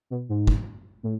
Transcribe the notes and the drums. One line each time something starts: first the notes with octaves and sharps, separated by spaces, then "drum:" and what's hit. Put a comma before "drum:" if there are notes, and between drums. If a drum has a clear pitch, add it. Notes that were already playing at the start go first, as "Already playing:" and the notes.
B2
G#2
drum: kick
A2